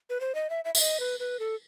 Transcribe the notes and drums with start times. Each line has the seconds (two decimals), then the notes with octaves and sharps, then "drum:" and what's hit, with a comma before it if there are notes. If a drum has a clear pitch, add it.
0.10 B4
0.20 C5
0.35 D#5
0.50 E5
0.65 E5
0.75 E5, drum: tambourine
0.80 D#5
1.00 B4
1.20 B4
1.39 A4